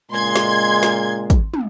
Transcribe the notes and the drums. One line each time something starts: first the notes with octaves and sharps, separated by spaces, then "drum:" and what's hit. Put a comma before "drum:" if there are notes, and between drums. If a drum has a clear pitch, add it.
A#2 C#3 G#3 C6 G#6
drum: snare
drum: snare
drum: kick, hi-hat
drum: tom